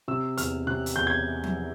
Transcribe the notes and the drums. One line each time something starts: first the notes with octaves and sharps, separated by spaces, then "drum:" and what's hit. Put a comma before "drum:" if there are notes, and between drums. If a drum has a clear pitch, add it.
C3 E6
E2 F6, drum: hi-hat
C3 F#6
drum: hi-hat
E2 G6
G#6
drum: tom F3